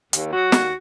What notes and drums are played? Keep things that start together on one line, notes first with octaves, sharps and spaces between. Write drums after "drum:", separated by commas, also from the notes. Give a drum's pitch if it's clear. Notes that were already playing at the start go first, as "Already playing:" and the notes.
D#2, drum: hi-hat
F#3 F#4
D#2, drum: snare